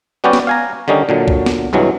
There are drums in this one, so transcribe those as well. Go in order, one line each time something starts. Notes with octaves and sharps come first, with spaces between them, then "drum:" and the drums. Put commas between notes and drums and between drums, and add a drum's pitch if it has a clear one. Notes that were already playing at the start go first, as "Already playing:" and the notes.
G3 B3 C#4 F#4 G4 D5
drum: snare
F5 G#5 A#5
D3 D#3 G3 C#4 D#4
A#2 D3 F#3
drum: kick C2
drum: snare
C2 G2 E3 F#3 G#3